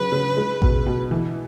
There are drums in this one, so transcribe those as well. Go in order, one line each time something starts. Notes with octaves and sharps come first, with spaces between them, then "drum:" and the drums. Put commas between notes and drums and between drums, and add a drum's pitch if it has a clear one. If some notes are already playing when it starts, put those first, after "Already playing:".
Already playing: C#3 F#3 B4
C#3
G#3
B2, drum: kick A1
B2
E3